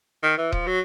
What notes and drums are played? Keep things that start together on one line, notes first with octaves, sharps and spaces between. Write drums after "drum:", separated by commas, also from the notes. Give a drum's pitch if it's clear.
D#3
E3
F3, drum: kick D#1
F#3